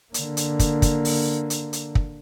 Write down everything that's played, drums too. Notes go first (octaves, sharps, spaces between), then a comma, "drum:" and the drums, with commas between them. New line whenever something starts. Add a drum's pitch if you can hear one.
D3 A#3, drum: hi-hat
drum: hi-hat
drum: kick, hi-hat
drum: kick, hi-hat
drum: open hi-hat
drum: hi-hat
drum: hi-hat
drum: kick